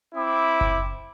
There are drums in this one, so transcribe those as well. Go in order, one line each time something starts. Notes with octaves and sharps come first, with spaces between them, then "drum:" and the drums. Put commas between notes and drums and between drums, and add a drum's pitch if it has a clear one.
C4 E4 B5 D6
drum: kick F#1